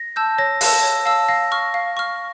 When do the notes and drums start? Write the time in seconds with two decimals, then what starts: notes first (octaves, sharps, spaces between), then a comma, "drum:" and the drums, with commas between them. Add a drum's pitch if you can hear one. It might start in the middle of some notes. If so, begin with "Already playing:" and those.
Already playing: A#6
0.16 A5 E6 G6
0.38 C#5 A#6
0.61 F5 A5 E6, drum: open hi-hat
0.83 C#5
1.06 F5 A5 E6
1.28 F5 A#6
1.52 C#6 F6
1.74 F5
1.97 C#6 F6